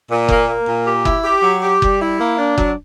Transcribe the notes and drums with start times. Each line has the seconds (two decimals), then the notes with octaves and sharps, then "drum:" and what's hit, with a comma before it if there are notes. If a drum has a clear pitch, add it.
0.10 A#2
0.28 A#3, drum: kick F#1
0.48 A#3
0.67 A#2
0.86 G4
1.05 E4, drum: kick F#1
1.24 G4
1.43 F#3
1.62 G4
1.82 G3, drum: kick F#1
2.01 E4
2.19 A#3
2.39 D4
2.58 F#3, drum: kick F#1